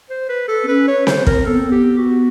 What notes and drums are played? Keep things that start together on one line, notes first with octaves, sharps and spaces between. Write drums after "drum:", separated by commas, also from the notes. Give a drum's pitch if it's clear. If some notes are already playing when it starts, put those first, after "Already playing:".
C5
B4
A4
C4
C#4 B4
C#5
C5, drum: snare C4
C4
A#4, drum: kick
B3 A4
C4
B3 G4
F#4